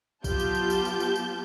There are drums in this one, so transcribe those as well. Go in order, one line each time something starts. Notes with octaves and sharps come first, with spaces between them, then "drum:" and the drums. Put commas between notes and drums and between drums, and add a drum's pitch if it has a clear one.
F#3 B3 F4 G4 A5 G6, drum: kick A#1, tambourine
drum: tambourine
drum: tambourine
drum: tambourine
drum: tambourine
drum: tambourine
drum: tambourine